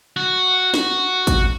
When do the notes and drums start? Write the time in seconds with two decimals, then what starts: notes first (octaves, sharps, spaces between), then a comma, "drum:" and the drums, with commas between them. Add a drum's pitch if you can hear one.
0.17 F#4
0.74 F#4, drum: snare
1.27 drum: kick, hi-hat